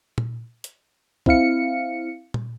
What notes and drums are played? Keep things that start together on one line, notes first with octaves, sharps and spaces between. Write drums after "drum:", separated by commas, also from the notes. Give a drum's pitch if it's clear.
drum: tom A#2
drum: hi-hat
C4 E4 F5 C#7, drum: kick C2
drum: tom A#2